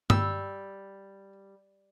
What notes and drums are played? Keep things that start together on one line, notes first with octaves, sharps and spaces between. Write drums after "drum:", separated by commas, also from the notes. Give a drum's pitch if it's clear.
G3 E6, drum: tom G2